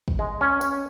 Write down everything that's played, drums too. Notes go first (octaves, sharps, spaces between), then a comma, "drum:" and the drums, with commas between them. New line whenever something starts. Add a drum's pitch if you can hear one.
drum: kick
G#3
C#4
C#4, drum: tambourine